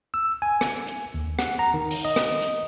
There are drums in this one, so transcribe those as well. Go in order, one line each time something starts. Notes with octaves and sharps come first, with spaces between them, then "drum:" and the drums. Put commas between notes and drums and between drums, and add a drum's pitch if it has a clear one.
E6
G#5
drum: rim click
drum: hi-hat
D#2
F#5, drum: rim click
A#5
D#3
drum: open hi-hat
D#5
drum: rim click
drum: hi-hat